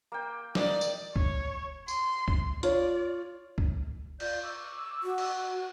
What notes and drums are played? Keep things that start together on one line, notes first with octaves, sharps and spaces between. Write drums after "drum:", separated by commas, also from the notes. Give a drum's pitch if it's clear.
A#3 G5
D5 D#5, drum: snare
drum: tambourine
C#5, drum: kick
C6, drum: tambourine
drum: kick
F4 C#5 D5, drum: hi-hat
drum: kick
F4 D5 G6, drum: cymbal
C#6 D6 E6
F#4
drum: cymbal